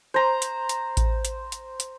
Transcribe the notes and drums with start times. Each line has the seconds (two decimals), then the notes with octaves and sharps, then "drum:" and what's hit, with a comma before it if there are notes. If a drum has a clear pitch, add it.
0.14 C5 A#5
0.42 drum: hi-hat
0.69 drum: hi-hat
0.97 drum: kick A1, hi-hat
1.25 drum: hi-hat
1.52 drum: hi-hat
1.80 drum: hi-hat